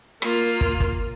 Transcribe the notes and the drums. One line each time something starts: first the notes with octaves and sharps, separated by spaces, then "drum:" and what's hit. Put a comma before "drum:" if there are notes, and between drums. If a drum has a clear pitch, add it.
A#3 F4, drum: rim click
drum: kick
drum: kick